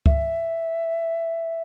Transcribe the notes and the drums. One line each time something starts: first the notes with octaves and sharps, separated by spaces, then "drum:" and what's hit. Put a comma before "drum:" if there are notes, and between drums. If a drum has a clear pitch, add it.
E5, drum: kick C#2